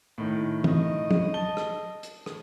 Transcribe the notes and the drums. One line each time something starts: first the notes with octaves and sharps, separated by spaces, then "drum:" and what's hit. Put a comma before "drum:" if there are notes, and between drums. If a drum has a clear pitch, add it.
A2 D#3
D#5, drum: tom
drum: tom
A5 G7
drum: rim click
drum: hi-hat
drum: rim click